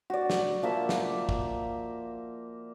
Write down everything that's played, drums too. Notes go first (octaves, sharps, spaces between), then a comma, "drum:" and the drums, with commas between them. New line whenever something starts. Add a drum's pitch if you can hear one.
F#4 D5
drum: snare
F3 A#3 E5
drum: snare
drum: kick